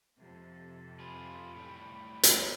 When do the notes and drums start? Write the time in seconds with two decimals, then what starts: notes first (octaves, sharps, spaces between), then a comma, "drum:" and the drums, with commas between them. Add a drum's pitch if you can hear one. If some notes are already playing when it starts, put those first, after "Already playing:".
0.19 F2 C3 A4
0.99 F4 G#4 B5
1.55 A2 G3
2.23 drum: hi-hat